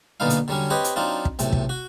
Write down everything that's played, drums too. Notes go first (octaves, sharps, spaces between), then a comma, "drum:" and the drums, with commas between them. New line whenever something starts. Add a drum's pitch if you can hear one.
B1 A#2 D3 B3 D#4 F5
drum: hi-hat
D3 F#3 G3 C#4
C4 G4 B4 C#5 D#5
drum: hi-hat
F#3 C4 D4 D#4 F4
drum: kick
B1 A2 C3, drum: hi-hat
drum: kick
F#4